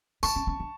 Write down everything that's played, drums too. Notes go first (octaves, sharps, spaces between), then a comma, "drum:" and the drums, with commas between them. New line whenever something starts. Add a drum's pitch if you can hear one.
D4 A5 C#6, drum: tambourine
C#4
C#4
D4